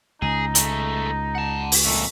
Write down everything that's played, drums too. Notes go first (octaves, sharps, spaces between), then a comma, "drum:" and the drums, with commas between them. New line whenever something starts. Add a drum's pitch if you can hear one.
C#2 D#4 G#4
G#3 A3, drum: hi-hat
F#5 A5
drum: open hi-hat
F2 A#2 A3